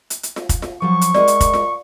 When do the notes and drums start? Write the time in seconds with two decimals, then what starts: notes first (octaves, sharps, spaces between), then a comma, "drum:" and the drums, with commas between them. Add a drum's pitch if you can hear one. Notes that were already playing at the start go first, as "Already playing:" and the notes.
0.10 drum: hi-hat
0.23 drum: hi-hat
0.36 drum: snare F4
0.49 drum: kick, hi-hat
0.62 drum: snare F4
0.82 F3 F#3 C#6
1.01 drum: hi-hat
1.14 G#3 A#4 D5 F#5, drum: snare F4
1.28 drum: hi-hat
1.41 drum: kick, hi-hat
1.54 drum: snare F4